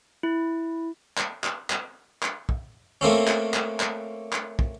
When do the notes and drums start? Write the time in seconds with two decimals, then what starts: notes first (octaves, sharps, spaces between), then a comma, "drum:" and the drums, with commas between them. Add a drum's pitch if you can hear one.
0.23 E4
1.18 drum: clap
1.44 drum: clap
1.70 drum: clap
2.23 drum: clap
2.49 drum: kick
3.01 A3 A#3 C4 C#4
3.28 drum: clap
3.54 drum: clap
3.80 drum: clap
4.33 drum: clap
4.59 drum: kick